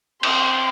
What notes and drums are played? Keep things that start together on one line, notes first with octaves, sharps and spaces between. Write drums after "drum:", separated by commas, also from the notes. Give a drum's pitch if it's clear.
C4 C6, drum: cymbal